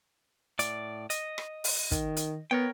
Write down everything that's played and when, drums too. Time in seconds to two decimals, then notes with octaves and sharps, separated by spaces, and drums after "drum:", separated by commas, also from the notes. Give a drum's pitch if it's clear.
0.59 A2 D5, drum: hi-hat
1.10 D#5, drum: hi-hat
1.38 drum: rim click
1.64 drum: open hi-hat
1.92 D#3, drum: kick, hi-hat
2.17 drum: hi-hat
2.51 B3 A#4 C#5 G5